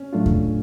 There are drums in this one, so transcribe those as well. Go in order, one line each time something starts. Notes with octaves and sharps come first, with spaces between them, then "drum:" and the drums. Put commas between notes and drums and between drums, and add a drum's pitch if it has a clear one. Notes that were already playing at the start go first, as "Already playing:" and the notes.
Already playing: C#4
A2 F#3 A3 D4 F4
drum: kick E2